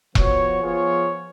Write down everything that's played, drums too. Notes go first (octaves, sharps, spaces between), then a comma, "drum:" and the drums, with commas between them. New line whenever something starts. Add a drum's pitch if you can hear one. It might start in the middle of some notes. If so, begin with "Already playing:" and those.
F3 B3 F#4 C#5, drum: kick E1
F3 B3 F4 G#4 C#5